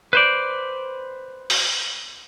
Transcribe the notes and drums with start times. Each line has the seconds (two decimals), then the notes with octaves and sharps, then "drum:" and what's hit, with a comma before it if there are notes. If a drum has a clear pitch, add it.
0.13 B4 C5 D5
1.50 drum: open hi-hat